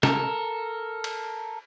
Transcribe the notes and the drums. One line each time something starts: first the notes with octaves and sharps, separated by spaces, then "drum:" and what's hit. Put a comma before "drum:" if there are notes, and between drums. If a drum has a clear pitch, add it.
A4 A#4, drum: snare
drum: cymbal